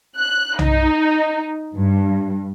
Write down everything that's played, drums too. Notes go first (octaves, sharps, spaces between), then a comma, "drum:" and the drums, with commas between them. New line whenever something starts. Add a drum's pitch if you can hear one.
F#6
D#4, drum: tom B1
G2